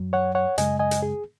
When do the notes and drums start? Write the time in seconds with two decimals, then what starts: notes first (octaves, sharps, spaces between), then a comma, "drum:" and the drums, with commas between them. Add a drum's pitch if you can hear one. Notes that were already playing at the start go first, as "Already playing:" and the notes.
Already playing: F#2 F#3
0.13 C#5 F#5
0.35 C#5 F#5
0.58 F#2 C#3 G#3 D#5 G#5, drum: hi-hat
0.79 D#5 G#5
0.91 drum: hi-hat
1.03 G#4